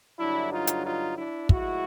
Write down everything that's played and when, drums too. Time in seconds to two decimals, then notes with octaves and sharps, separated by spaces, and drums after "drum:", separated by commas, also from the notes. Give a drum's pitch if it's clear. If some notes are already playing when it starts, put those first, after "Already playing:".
0.18 G2 D3 F#3 D4 E4
0.51 D#4 F4
0.67 drum: hi-hat
0.85 D#4 F4
1.16 D4 E4
1.49 A2 F3 G#3 E4 F#4, drum: kick